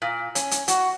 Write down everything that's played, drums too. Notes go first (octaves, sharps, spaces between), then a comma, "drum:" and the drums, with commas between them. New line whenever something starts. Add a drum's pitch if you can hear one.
A#2
C#4, drum: hi-hat
drum: hi-hat
F#4, drum: hi-hat